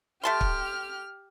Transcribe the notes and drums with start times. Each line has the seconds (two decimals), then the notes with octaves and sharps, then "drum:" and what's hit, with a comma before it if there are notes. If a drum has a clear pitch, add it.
0.23 A3 G4 A5 C6 F6
0.41 drum: kick